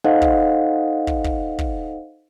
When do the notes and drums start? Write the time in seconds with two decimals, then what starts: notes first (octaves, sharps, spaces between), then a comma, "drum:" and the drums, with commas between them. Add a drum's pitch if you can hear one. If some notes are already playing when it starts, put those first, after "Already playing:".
0.04 D#4 A4 C5 D#5 F5 F#5
0.22 drum: kick
1.07 drum: kick
1.24 drum: kick
1.59 drum: kick